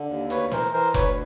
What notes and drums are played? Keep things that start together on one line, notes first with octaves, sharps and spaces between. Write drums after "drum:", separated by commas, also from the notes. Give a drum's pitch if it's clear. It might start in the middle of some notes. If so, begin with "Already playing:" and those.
Already playing: D3
D#2
D2 B4 C#5, drum: hi-hat
E3 A#4 C5, drum: snare
E3 A#4 C5
D2 B4 C#5, drum: kick F1, hi-hat